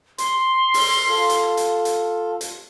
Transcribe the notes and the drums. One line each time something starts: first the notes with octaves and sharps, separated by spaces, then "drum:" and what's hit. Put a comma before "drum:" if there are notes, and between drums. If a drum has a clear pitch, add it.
C6, drum: hi-hat
drum: open hi-hat
F4 A4
drum: hi-hat
drum: hi-hat
drum: hi-hat
drum: hi-hat